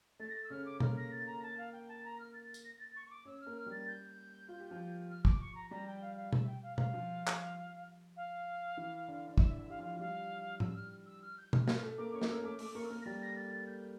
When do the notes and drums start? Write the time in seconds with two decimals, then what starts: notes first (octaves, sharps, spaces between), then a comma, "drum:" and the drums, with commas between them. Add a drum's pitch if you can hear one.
0.20 A3 A6
0.29 A#6
0.35 A6
0.44 E6
0.50 C#3 C#4 F6
0.65 D6
0.80 A#3 A#4 F6, drum: tom B2
0.97 A#6
1.11 A6
1.26 A#5
1.43 A5
1.58 F5
1.72 G5
1.88 A5
2.04 A#5
2.19 F6
2.34 A6
2.54 drum: tambourine
2.65 A#6
2.79 A6
2.96 C#6
3.06 C#6
3.10 D6
3.25 C#4 C#5 E6
3.41 F6
3.46 A#3 A#4
3.57 F6
3.66 G3 G4
3.71 A6
3.88 G6
4.48 F4
4.60 G4
4.71 F3 F4
5.10 F6
5.25 D6, drum: kick
5.41 C#6
5.55 A#5
5.70 G3 G4 A#5
5.87 G5
6.01 F5
6.16 F5
6.33 E5, drum: tom B2
6.47 G5
6.62 F5
6.78 F5, drum: tom B2
6.93 F3 F4
7.27 drum: clap
8.16 F5
8.77 E3 E4
9.08 D3 D4
9.28 D4
9.38 E3 E4 E5, drum: kick
9.54 D3 D4 E5
9.69 G4 F5
9.79 F3 F4
9.84 F5
9.94 F4
9.99 G3 G4 F5
10.60 E6, drum: tom A2
10.75 F6
11.06 E6
11.22 F6
11.38 G6
11.53 F6, drum: tom B2
11.68 F6, drum: snare
11.83 A3 A4
11.98 A#3 A#4 D6
12.13 C#4 C#5 C#6
12.21 D6, drum: snare
12.29 A#3 A#4 E6
12.44 A3 A4 D6
12.59 A3 A4 D6, drum: open hi-hat
12.74 A#3 A#4 C#6
12.84 E6
12.90 A#3 A#4 F6
13.01 A#6
13.06 G3 G4 A6
13.21 A#6
13.36 A6
13.51 A6
13.67 G6